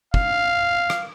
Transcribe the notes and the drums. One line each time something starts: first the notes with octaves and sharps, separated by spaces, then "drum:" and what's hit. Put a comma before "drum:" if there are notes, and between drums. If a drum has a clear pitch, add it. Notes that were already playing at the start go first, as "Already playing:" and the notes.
F5, drum: kick
drum: rim click